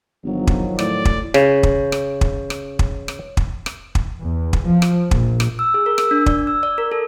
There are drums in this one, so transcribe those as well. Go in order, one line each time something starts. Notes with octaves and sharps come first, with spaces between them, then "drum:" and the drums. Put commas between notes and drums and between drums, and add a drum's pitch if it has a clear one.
G1 D#3 F3 F#3
drum: kick
A2 D5, drum: rim click
drum: kick
C#3 C#5, drum: rim click
drum: kick
drum: rim click
drum: kick
drum: rim click
drum: kick
drum: rim click
drum: kick
drum: rim click
drum: kick
E2
drum: kick
F3
drum: rim click
A#1, drum: kick
drum: rim click
E6
G#4
A#4
E6, drum: rim click
D4
D5, drum: kick
E6
D5
A#4
A4